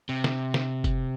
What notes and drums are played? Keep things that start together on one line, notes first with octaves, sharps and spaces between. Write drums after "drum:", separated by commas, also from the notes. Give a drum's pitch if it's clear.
C3
drum: snare
drum: snare
drum: kick F#1, tambourine